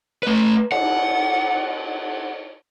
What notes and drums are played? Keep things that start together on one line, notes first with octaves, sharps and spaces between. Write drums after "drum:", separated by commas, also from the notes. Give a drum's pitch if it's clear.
A3 B4
F#5, drum: cymbal